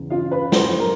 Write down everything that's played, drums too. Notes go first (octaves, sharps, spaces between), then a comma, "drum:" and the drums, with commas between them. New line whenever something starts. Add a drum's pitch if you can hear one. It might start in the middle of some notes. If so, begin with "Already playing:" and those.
Already playing: E2 C#3 E3
F4 F5
B4 B5
C5 C6, drum: snare
A#4 A#5